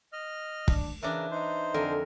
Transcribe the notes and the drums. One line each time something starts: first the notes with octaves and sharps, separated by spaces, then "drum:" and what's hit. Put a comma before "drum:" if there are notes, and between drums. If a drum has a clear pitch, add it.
D#5 F6
D4, drum: kick
C#3 E3 D4 A#4
D#4 C5
F2 D3 A#4 G#5